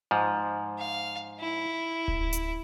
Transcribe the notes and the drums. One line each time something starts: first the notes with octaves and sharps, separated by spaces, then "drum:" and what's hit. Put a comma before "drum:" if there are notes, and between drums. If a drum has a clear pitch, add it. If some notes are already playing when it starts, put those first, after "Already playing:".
G#2 F3
F5
E4
drum: kick D1
drum: hi-hat